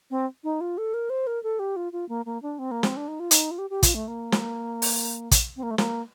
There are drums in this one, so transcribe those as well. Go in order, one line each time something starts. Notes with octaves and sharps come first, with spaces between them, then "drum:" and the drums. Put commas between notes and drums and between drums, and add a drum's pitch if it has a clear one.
C4
D#4
F4
A4
A#4
C5
A#4
A4
G4
F4
F4
A#3
A#3
D4
C4
A#3
C4, drum: snare
D4
D#4
F4
D#4, drum: hi-hat
F4
G4
G4
F4, drum: kick, hi-hat
A3
A#3
drum: snare
drum: open hi-hat
drum: kick, hi-hat
C4
A#3
A3
A#3, drum: snare